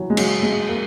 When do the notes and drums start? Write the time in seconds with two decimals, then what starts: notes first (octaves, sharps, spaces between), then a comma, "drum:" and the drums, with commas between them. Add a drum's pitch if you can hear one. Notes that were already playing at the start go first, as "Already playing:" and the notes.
Already playing: E3 F#3
0.10 G#3
0.17 F#3, drum: cymbal
0.43 G#3
0.69 A#3